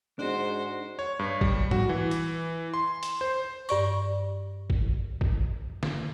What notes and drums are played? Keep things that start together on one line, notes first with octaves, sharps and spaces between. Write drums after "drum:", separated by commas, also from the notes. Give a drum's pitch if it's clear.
G#2 D4 F#4 C5
C#5
G2
G3, drum: kick G#1
F#4, drum: tom G#2
E3
drum: hi-hat
C6
drum: hi-hat
C5
G2 D5 C#6, drum: tambourine
drum: kick G#1
drum: kick G#1
drum: snare